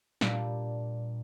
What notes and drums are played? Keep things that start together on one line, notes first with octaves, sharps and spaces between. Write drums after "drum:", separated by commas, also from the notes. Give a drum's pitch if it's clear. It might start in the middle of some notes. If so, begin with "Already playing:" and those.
A#2 G3 D4, drum: snare